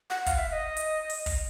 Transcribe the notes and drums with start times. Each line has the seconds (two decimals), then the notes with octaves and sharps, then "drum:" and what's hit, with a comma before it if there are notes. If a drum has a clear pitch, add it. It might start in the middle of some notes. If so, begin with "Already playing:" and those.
0.10 F#5
0.26 F5, drum: kick, hi-hat
0.38 E5
0.48 E5
0.53 D#5
0.77 drum: hi-hat
1.10 drum: open hi-hat
1.26 drum: kick, open hi-hat